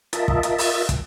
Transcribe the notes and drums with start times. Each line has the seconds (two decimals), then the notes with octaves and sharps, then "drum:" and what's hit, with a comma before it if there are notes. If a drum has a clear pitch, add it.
0.13 F4 A#4 D#5 E5 A5, drum: hi-hat
0.28 drum: kick
0.43 drum: hi-hat
0.58 drum: open hi-hat
0.89 drum: kick, hi-hat